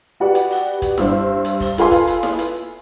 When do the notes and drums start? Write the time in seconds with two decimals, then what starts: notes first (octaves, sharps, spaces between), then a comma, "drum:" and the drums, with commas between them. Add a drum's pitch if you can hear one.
0.20 F#4 G4 B4 D5 F#5
0.35 drum: hi-hat
0.51 drum: open hi-hat
0.82 drum: kick, hi-hat
0.98 G2 C5 E6, drum: snare E4
1.45 drum: hi-hat
1.60 drum: kick, open hi-hat
1.78 F4 A4 B4 F5 G#5 C6, drum: hi-hat
1.92 drum: kick, hi-hat
2.07 drum: hi-hat
2.23 drum: snare E4
2.39 drum: hi-hat